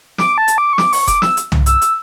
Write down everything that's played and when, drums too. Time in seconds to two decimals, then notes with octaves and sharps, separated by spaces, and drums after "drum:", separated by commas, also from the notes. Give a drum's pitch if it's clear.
0.18 D6, drum: snare
0.38 A5
0.48 drum: hi-hat
0.58 D6
0.73 C#6
0.78 D6, drum: snare
0.93 C#6, drum: open hi-hat
1.07 D6, drum: kick F1, hi-hat
1.22 E6, drum: snare
1.37 drum: hi-hat
1.52 drum: tom C2
1.66 E6, drum: hi-hat
1.82 drum: hi-hat